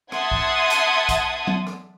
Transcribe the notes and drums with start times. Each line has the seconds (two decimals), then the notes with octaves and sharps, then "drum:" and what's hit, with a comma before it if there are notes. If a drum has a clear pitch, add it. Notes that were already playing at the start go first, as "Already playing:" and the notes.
0.12 E5 F#5 A5 C6 D#6 G#6, drum: rim click
0.31 drum: kick B1
0.70 drum: hi-hat
1.09 drum: kick B1, hi-hat
1.47 drum: tom F#3
1.67 drum: rim click